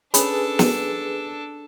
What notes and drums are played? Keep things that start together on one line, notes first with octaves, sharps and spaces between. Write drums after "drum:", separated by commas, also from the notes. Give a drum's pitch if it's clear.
C#4 D4 G#4 A4 B4 C#5 B5, drum: hi-hat
drum: snare